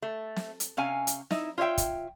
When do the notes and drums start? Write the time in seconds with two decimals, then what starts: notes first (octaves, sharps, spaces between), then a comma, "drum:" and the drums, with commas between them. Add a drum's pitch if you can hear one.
0.02 A3
0.36 drum: snare
0.60 drum: hi-hat
0.77 C3 C#4 F5 G#5
1.07 drum: hi-hat
1.30 D#4 E4 E5, drum: snare
1.58 F4 C#5 D5 E5 G5
1.78 drum: kick, hi-hat